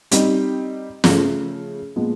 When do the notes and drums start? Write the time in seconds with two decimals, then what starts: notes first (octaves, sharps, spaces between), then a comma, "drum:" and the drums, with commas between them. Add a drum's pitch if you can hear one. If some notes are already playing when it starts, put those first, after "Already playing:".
0.11 G3 C4 D#4, drum: hi-hat
1.04 C#3 F3 A3, drum: snare
1.96 A#2 F3 G#3 B3